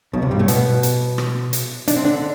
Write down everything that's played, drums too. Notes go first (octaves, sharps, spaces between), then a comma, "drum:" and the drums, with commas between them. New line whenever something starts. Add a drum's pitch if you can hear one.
B1 B2
C2 C3
G2 G3
A2 A3
B2 B3, drum: hi-hat
drum: hi-hat
drum: rim click
drum: hi-hat
D4, drum: hi-hat
C4
D3 D4